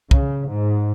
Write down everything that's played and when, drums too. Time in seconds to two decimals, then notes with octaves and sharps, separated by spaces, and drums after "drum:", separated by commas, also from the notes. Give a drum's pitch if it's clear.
0.11 C#3, drum: kick
0.48 G#2